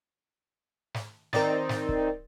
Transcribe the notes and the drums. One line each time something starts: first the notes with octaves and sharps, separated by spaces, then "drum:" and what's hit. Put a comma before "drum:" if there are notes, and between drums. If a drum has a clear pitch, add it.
drum: snare
D#3 C4 D#4 A#4 D5 A6, drum: snare
drum: snare
drum: kick